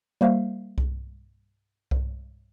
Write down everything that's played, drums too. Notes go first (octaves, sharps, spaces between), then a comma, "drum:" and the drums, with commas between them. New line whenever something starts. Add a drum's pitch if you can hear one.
G3 A#3 C5 E5 F5
drum: kick C2
drum: kick C2